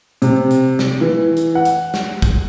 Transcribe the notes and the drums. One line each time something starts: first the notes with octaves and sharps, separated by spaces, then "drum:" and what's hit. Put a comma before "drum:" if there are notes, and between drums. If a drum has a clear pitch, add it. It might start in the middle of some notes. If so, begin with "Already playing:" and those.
C3, drum: hi-hat
drum: hi-hat
drum: snare
E3
drum: hi-hat
F#5
drum: hi-hat
drum: snare
drum: kick, hi-hat